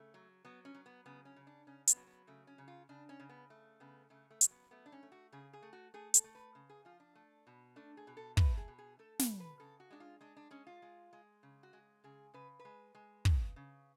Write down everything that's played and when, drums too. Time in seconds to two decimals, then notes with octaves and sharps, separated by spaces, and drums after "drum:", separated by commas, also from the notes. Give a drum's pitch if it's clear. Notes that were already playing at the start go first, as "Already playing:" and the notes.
Already playing: C#3 A3
0.14 F#3
0.45 F#3 B3
0.65 C#4
0.74 F#3
0.86 B3
1.06 C#3 B3
1.25 C#4
1.36 C#3
1.47 D4
1.67 C#3 C#4
1.87 B3, drum: hi-hat
1.96 F#3
2.07 B3
2.27 C#3 A3
2.47 C#4
2.58 C#3
2.68 F4
2.89 C#3 D4
3.09 C#4
3.20 C#3
3.29 B3
3.50 A3
3.80 C#3 B3
4.10 C#3 A3
4.30 A3
4.41 F#3, drum: hi-hat
4.51 B3
4.71 A3 B3
4.86 D4
4.92 C#4
5.03 A3
5.12 F#4
5.32 C#3 G#4
5.53 G#4
5.62 A3
5.73 F#4
5.94 A3 G#4
6.14 A4, drum: hi-hat
6.24 A3
6.35 B4
6.55 C#3
6.69 G#4
6.85 F3 F4
7.00 D4
7.15 A3
7.47 B2
7.76 A3 D4
7.97 G#4
8.07 B2
8.17 A4
8.37 A3 B4, drum: kick
8.57 G#4
8.68 B2
8.78 G#4
8.99 A3 A4
9.19 B4, drum: snare
9.30 B2
9.40 B4
9.60 C#3 A4
9.80 F#4
9.90 G#3 D4
10.00 F4
10.21 G#3 D4
10.36 D4
10.51 G#3 C#4
10.67 F4
10.82 G#3
11.13 G#3
11.43 C#3
11.63 F#4
11.73 G#3
12.04 C#3 G#4
12.34 C#3 B4
12.59 B4
12.65 G#3
12.95 G#3
13.25 C#3, drum: kick
13.56 C#3